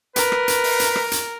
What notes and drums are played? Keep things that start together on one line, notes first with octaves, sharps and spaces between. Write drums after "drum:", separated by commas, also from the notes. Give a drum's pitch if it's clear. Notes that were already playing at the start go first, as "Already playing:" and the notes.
A#4 B4, drum: hi-hat
drum: rim click
drum: hi-hat
drum: open hi-hat
drum: hi-hat
drum: rim click
drum: hi-hat